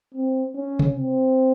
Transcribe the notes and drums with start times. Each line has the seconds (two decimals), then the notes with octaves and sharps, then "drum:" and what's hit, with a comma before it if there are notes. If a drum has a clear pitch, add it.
0.14 C4
0.56 C#4
0.79 drum: tom C3
0.96 C4